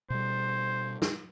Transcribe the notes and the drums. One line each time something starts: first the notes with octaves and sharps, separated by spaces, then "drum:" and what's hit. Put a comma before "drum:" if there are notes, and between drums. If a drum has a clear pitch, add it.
B2 G3 C5
drum: snare